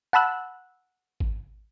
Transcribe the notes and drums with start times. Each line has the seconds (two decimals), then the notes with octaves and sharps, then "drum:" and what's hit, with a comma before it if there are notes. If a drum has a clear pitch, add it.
0.13 F#5 A5 B5 E6 F#6
1.20 drum: kick G#1